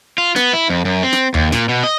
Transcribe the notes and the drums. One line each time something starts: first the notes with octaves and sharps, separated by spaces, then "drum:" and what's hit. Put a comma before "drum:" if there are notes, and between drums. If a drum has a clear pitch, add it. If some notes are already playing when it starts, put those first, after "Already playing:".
F4
B3, drum: snare
E4
F2
F#2
C4
drum: snare
D#2, drum: tom D#2
A#2, drum: snare
B2
D#5